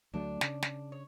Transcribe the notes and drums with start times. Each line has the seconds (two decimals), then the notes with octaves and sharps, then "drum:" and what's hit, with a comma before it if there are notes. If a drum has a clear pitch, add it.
0.14 D2 F#3 A3 D4
0.41 C#3, drum: snare
0.62 drum: snare
0.92 C#5